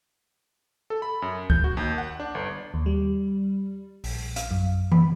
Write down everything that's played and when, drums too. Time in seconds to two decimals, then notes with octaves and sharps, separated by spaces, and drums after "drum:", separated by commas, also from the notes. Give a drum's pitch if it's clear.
0.90 A4
1.02 B5
1.22 F#2
1.50 G6, drum: kick C2
1.64 F#4
1.77 D#2
1.98 F#5
2.20 D4
2.35 G1
2.74 D#2
2.86 G3
4.04 A#1, drum: open hi-hat
4.36 F5, drum: hi-hat
4.51 F#2
4.92 B5, drum: tom E3